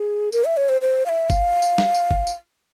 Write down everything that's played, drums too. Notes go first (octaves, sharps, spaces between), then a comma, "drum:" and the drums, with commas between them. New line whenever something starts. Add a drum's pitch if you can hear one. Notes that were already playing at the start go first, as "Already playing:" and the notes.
Already playing: G#4
A#4, drum: tambourine
E5
C#5
C5
C5
F5
E5
F5, drum: kick, tambourine
drum: tambourine
drum: snare
drum: tambourine
drum: kick
drum: tambourine